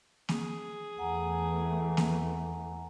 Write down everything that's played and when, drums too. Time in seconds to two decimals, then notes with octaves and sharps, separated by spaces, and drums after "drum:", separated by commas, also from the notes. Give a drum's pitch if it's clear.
0.29 G#4, drum: snare A#3
0.98 E2 E3 A3 F#5 G#5 A#5
1.97 drum: snare A#3